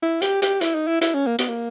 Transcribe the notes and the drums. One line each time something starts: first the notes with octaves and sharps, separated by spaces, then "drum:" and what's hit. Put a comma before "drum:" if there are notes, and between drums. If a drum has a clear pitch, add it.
E4
G4, drum: hi-hat
G4, drum: hi-hat
E4, drum: hi-hat
D#4
E4
E4, drum: hi-hat
C#4
A#3
B3, drum: hi-hat
A#3